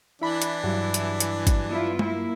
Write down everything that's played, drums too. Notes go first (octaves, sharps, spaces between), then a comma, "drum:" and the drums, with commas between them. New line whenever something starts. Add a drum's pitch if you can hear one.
E3 D4 E4 B5
drum: hi-hat
G2 F#3 E4
drum: hi-hat
drum: hi-hat
drum: kick, hi-hat
B3 E4 F4
A#3 E4, drum: tom G#3